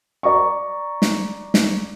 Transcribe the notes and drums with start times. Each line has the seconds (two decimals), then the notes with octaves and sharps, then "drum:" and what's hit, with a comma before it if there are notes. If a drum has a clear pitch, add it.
0.23 D5 A#5 C#6
1.02 drum: snare
1.54 drum: snare